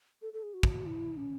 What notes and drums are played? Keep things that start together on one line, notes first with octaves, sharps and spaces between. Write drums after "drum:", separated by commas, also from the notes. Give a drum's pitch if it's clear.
A4
A4
G#4
F#4
drum: kick
E4
C#4